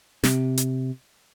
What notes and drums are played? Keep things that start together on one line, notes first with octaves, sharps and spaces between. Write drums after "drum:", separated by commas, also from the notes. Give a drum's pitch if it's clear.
C3, drum: snare
drum: hi-hat